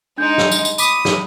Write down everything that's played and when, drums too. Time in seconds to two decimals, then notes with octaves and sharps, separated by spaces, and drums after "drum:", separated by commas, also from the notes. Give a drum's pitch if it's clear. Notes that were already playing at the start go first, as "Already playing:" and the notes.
0.18 G#3 D4 D#4 G6
0.38 drum: snare
0.51 drum: tambourine
0.65 drum: tambourine
0.78 B5 D6 D#6 B6, drum: tambourine
1.05 drum: snare